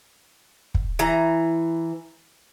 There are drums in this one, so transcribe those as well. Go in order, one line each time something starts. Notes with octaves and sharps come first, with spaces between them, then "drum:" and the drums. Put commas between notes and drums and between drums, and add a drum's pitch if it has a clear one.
drum: kick
E3 A#5